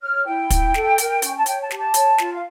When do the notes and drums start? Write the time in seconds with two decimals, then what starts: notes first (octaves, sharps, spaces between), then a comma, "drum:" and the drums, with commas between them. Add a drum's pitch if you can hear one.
0.02 C#5 F6
0.26 E4 G5
0.50 E4, drum: kick, hi-hat
0.74 A4, drum: snare
0.98 A#4, drum: hi-hat
1.22 C#4, drum: hi-hat
1.37 A5
1.46 C#5 G5, drum: hi-hat
1.62 A5
1.71 G4, drum: snare
1.78 A5
1.94 C#5, drum: hi-hat
2.18 F4, drum: snare
2.34 F5